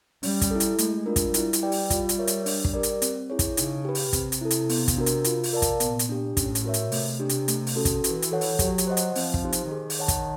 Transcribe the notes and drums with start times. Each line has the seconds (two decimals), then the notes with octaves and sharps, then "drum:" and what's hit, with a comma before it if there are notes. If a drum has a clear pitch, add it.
0.23 G3 C#4, drum: open hi-hat
0.42 drum: kick, hi-hat
0.51 E4 A4
0.60 drum: hi-hat
0.78 G#3 A3, drum: hi-hat
1.06 D4 F4 A#4
1.16 drum: kick, hi-hat
1.34 G3 E4, drum: hi-hat
1.53 drum: hi-hat
1.63 G4 B4 D5 G5
1.72 drum: open hi-hat
1.90 F4, drum: kick, hi-hat
2.09 drum: hi-hat
2.18 A#4 C#5 E5
2.27 drum: hi-hat
2.46 D4, drum: open hi-hat
2.65 drum: kick
2.74 G4 A#4 D5
2.83 drum: hi-hat
3.02 C4, drum: hi-hat
3.30 E4 G#4 C#5
3.39 drum: kick, hi-hat
3.57 C#3 D#4, drum: hi-hat
3.85 G4 B4
3.95 drum: open hi-hat
4.13 C3 C4, drum: kick, hi-hat
4.32 drum: hi-hat
4.41 E4 A4
4.51 drum: hi-hat
4.69 B3, drum: open hi-hat
4.88 drum: kick, hi-hat
4.97 D4 F#4 A#4
5.06 drum: hi-hat
5.24 F4, drum: hi-hat
5.43 drum: open hi-hat
5.53 A#4 D5 F5 A5
5.62 drum: kick, hi-hat
5.80 A#2 B3, drum: hi-hat
5.99 drum: hi-hat
6.09 D4 G4
6.37 A2 C#4, drum: kick, hi-hat
6.55 drum: hi-hat
6.65 F#4 A#4 C#5 E5
6.74 drum: hi-hat
6.92 C3 A3, drum: open hi-hat
7.20 D4 G4
7.29 drum: hi-hat
7.48 A3, drum: hi-hat
7.67 drum: open hi-hat
7.76 C#4 F#4 A4
7.85 drum: kick, hi-hat
8.04 E3 F#4, drum: hi-hat
8.22 drum: hi-hat
8.32 A4 C#5 F#5
8.41 drum: open hi-hat
8.59 F#3 G4, drum: kick, hi-hat
8.78 drum: hi-hat
8.87 C5 D#5 F#5
8.97 drum: hi-hat
9.15 F3 C4, drum: open hi-hat
9.34 drum: kick
9.43 D#4 G4 C5
9.53 drum: hi-hat
9.71 D#3 G#4
9.90 drum: open hi-hat
9.99 C#5 F#5 A5
10.08 drum: kick, hi-hat